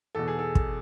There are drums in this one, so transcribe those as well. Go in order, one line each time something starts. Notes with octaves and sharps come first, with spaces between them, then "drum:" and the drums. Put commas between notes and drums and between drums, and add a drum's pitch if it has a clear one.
E2 B2 A4
G#4
A4
drum: kick